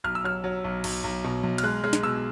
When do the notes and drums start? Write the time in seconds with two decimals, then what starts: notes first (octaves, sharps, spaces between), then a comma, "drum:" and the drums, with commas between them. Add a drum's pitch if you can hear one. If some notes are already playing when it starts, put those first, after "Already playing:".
0.04 B1 F6
0.15 E6
0.24 F#3 F6
0.44 F#3
0.64 B1
0.84 B1, drum: cymbal
1.04 B1
1.24 B2
1.43 B1, drum: tom F3
1.58 F6, drum: cymbal
1.63 G#3 F#6
1.84 G#3 F6
1.93 drum: snare
2.03 B2 E6